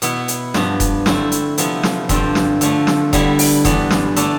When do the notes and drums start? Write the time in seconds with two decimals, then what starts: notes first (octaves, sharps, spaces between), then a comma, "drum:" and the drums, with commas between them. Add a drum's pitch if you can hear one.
0.02 B2 B3 E4, drum: hi-hat
0.28 drum: hi-hat
0.54 G2 F3 B3, drum: snare
0.80 drum: kick E1, hi-hat
1.06 D3 A3 C4 E4, drum: snare
1.32 drum: hi-hat
1.58 C3 F3 B3 E4, drum: hi-hat
1.83 drum: snare
2.09 G2 D3 F3 C4, drum: kick E1, hi-hat
2.35 drum: snare
2.61 D3 F3 A3, drum: hi-hat
2.87 drum: snare
3.13 D3 G3 B3 E4, drum: kick E1, hi-hat
3.39 drum: open hi-hat
3.65 G2 E3 B3 D4, drum: kick E1, hi-hat
3.91 drum: snare
4.16 D3 A3 D4, drum: hi-hat